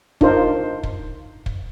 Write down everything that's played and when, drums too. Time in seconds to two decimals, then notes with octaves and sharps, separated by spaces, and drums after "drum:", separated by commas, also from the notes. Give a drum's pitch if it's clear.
0.21 D4 D#4 F4 A#4 C5, drum: kick
0.83 drum: kick
1.46 drum: kick